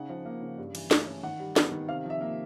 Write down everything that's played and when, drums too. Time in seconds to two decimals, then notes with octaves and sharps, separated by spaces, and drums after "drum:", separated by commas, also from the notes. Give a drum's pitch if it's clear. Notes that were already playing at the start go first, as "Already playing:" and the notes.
Already playing: C#3 D#4 F#5
0.09 F3
0.25 A#3
0.42 C#3
0.58 G2
0.75 E3, drum: cymbal
0.91 A3, drum: snare
1.07 C#4
1.23 D#3 F#5
1.40 G3
1.56 B3, drum: snare
1.72 D#3
1.88 C3 F5
2.05 F3
2.10 E5
2.21 A#3